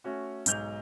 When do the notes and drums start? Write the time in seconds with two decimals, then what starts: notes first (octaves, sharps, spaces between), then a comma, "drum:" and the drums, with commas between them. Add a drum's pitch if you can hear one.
0.04 A3 C#4 F#4
0.46 B1 G#2 G6 F7, drum: hi-hat